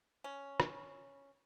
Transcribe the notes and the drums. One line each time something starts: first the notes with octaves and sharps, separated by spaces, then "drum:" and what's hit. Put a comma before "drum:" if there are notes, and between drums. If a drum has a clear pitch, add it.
C#4
drum: rim click